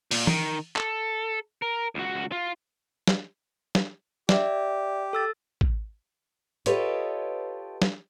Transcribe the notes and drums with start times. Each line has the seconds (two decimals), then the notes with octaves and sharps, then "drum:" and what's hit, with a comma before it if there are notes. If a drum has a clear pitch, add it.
0.11 A#2, drum: open hi-hat
0.27 D#3, drum: tom E3
0.76 A4, drum: clap
1.62 A#4
1.95 C#2 F#4
2.32 F4
3.07 drum: snare
3.75 drum: snare
4.29 G4 D5 E5, drum: snare
5.13 A4 E6 A6
5.61 drum: kick
6.66 F4 G4 A4 B4 C#5 D#5, drum: hi-hat
7.82 drum: snare